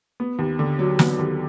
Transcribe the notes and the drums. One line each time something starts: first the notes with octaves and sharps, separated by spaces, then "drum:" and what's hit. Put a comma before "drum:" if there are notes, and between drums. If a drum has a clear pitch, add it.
B3
D#2
D3
F#3
B3, drum: snare
D#2